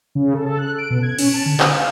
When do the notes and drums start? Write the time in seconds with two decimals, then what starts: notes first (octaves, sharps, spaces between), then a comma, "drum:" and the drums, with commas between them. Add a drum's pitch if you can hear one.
0.15 C#3
0.34 A4
0.46 A4
0.58 F#6
0.78 D7
0.90 B2
1.03 G#6
1.19 C#4, drum: cymbal
1.34 A5
1.46 D3
1.60 D#6, drum: clap
1.72 F5